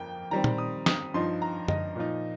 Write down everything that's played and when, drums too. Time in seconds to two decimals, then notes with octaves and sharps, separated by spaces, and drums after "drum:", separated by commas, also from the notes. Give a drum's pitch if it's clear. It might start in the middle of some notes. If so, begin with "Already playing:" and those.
Already playing: F2 F3 A#3 F4 G5
0.31 D#3 G3 C4 A#5
0.44 drum: tom
0.58 D#6
0.86 D#6, drum: snare
1.14 G2 F3 D#4 C6
1.42 A#5
1.68 D#5, drum: tom F#2
1.96 A#2 F3 D#4